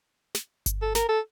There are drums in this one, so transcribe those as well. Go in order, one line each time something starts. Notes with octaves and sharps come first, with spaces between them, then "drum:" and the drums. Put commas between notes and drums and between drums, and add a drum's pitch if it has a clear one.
drum: snare
drum: kick G1, hi-hat
A4
A#4, drum: snare
A4